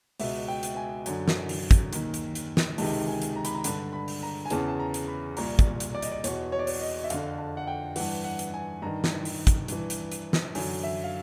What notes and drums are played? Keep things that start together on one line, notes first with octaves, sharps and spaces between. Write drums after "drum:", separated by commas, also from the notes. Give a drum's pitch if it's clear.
C#2 B2 E5, drum: open hi-hat
G5
drum: hi-hat
G#5
F#2 D3, drum: hi-hat
drum: snare
drum: open hi-hat
drum: kick, hi-hat
D#2 D#3, drum: hi-hat
drum: hi-hat
drum: hi-hat
drum: snare
C#2 C3 D#3 A5, drum: open hi-hat
G#5
drum: hi-hat
A#5
B5, drum: hi-hat
A#5
G2 D3 B5, drum: hi-hat
B5
drum: open hi-hat
A#5
G#5
E2 C#3 E3 A5, drum: hi-hat
A5
A#5
drum: hi-hat
B5
C2 A#2 A#5, drum: open hi-hat
drum: kick, hi-hat
drum: hi-hat
D5
D#5, drum: hi-hat
D5
E2 B2 C#5, drum: hi-hat
C#5
D5
C#5, drum: open hi-hat
D#5
E5
F2 D3 F5, drum: hi-hat
A5
F#5
G5
G2 E3 F#5, drum: open hi-hat
F#5
drum: hi-hat
G#5
G2 D#3 A#5
drum: snare
drum: open hi-hat
drum: kick, hi-hat
G2 E3, drum: hi-hat
drum: hi-hat
drum: hi-hat
drum: snare
F#2 D3 G#5, drum: open hi-hat
E5
F5